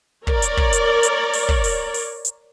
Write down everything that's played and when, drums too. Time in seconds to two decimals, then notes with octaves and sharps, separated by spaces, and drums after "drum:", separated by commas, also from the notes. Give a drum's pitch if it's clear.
0.27 A#4 C#5 D5, drum: kick
0.42 drum: hi-hat
0.57 drum: kick
0.73 drum: hi-hat
1.03 drum: hi-hat
1.33 drum: open hi-hat
1.49 drum: kick
1.64 drum: open hi-hat
1.94 drum: open hi-hat
2.25 drum: hi-hat